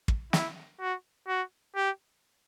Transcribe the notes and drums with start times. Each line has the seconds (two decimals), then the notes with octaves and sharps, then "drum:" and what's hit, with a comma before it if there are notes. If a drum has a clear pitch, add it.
0.08 drum: kick
0.33 E4, drum: snare
0.80 F#4
1.28 F#4
1.76 G4